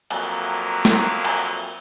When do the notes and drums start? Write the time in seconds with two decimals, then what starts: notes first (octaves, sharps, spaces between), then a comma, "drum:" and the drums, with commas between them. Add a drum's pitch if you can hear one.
0.10 F2 F#3 A#3, drum: cymbal
0.85 drum: snare
1.25 drum: cymbal